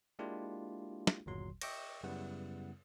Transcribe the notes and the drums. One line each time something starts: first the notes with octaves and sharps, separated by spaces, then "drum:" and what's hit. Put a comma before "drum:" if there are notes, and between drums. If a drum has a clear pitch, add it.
G#3 A#3 D4 E4 F4 G4
drum: snare
G1 D#2 A#2 F#3 C6
D#5 E5 G5 C#6 D6 A#6, drum: cymbal
F#2 C#3 G3 B3 E4 F#5